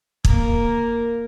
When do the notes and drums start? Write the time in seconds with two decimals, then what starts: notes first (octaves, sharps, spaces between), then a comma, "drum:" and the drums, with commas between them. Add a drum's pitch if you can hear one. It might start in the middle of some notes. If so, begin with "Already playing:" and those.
0.25 A#3 A#4, drum: kick